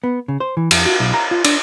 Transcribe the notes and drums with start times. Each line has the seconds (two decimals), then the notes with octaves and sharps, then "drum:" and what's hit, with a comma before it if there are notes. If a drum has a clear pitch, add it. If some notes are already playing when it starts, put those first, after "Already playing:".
0.04 B3
0.28 C#3
0.40 C5
0.57 E3
0.71 F2, drum: cymbal
0.86 F#4
1.00 B1
1.14 A#5
1.31 F4
1.45 D4, drum: cymbal